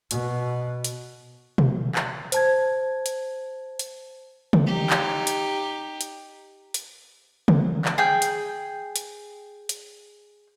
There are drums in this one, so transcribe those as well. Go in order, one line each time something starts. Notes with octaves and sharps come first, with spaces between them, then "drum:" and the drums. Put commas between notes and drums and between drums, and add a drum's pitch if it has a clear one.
B2, drum: hi-hat
drum: hi-hat
drum: tom B2
drum: clap
C5 A5 G#6, drum: hi-hat
drum: hi-hat
drum: hi-hat
drum: tom
D#4 G4
drum: clap
drum: hi-hat
drum: hi-hat
drum: hi-hat
drum: tom
drum: clap
G#4 G5
drum: hi-hat
drum: hi-hat
drum: hi-hat